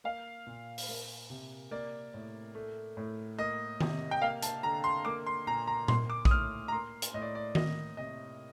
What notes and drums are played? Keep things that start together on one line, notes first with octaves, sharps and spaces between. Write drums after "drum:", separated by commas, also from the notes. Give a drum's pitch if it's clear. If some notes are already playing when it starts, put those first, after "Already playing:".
A#3 F5
A#2
drum: open hi-hat
A#3
C3
A#3 D5
A2
A3
A2
A#3 D#5
C3, drum: tom D#3
G5
A#3 F5
A5, drum: hi-hat
D3 A#5
C6
A#3 D6
C6
A#2 A#5
A#5
A#3 C6, drum: tom A#2
D6
D#6, drum: kick A#1
A2 F6
A#5
A#3 C6
drum: hi-hat
A2 D#5
D5
D5
A#3 D#5, drum: tom D#3
C3 D#5